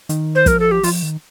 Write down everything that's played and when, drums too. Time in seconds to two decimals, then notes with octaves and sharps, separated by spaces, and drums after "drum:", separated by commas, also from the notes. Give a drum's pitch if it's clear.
0.09 D#3, drum: hi-hat
0.35 C5
0.46 F3 A#4, drum: kick, hi-hat
0.60 A4
0.71 G4
0.83 F3 F4, drum: open hi-hat
1.03 D#3